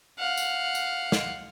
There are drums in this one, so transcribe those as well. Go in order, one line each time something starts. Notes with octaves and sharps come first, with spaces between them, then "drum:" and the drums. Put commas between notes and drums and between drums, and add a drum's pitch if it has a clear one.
F5 F#5
drum: tambourine
drum: tambourine
drum: snare